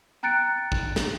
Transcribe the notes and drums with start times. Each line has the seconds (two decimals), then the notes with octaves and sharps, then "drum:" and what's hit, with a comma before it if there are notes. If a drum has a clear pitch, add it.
0.23 G5 A#5 F#6 A6 C#7 D7
0.72 drum: kick
0.96 drum: snare